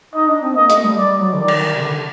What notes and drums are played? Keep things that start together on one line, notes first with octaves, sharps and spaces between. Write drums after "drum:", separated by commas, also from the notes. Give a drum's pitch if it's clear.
D#4 D#5
D4
C4
A#3 D#5
A3, drum: hi-hat
G3
G3 D5
F#3
D3
D#3 D5
drum: cymbal
C3
D3